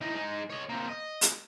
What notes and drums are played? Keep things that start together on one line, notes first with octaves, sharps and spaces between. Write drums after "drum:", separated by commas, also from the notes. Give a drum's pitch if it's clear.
E3 D#4
G#3 D#4
C#5 D#5
A#3 C4
D#5
drum: hi-hat